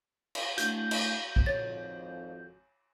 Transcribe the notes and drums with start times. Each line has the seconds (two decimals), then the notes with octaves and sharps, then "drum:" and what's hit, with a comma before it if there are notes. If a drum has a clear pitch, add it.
0.35 drum: cymbal
0.58 A3 D4 E4 F#4 G6, drum: hi-hat
0.91 drum: cymbal
1.36 drum: kick
1.46 G#1 F2 C#5 A6